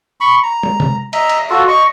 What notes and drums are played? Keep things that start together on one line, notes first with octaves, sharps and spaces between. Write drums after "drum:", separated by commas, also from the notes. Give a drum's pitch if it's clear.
B5 C#6
A#5
drum: tom
drum: tom C3
D#5 E5 A#5, drum: cymbal
drum: cymbal
F4 F#4 A4
D#5 C#6